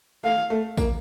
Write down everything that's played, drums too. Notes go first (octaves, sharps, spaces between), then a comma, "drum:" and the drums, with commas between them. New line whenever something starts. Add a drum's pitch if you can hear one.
A3 F5
A3
A#3, drum: kick A1, tambourine